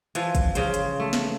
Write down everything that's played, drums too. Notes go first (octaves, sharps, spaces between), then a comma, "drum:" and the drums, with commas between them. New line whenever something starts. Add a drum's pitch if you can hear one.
E3 F3, drum: hi-hat
drum: kick, hi-hat
C#3 C5, drum: hi-hat
drum: hi-hat
A3
drum: snare